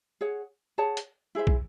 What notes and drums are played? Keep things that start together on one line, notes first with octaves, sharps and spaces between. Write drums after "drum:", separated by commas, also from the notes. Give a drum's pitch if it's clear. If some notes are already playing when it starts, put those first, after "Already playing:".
G#4 C#5 F#5
G#4 C#5 F#5 A5
drum: hi-hat
E4 G#4 C5 E5
drum: kick